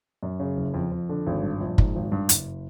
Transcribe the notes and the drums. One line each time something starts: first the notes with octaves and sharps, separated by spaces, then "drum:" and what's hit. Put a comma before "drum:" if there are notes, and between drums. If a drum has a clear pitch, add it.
F#2
C#3
F#1
F2
F2
D3
G#1
G2
A#1
G#2, drum: kick
G#1
G2
F#1, drum: hi-hat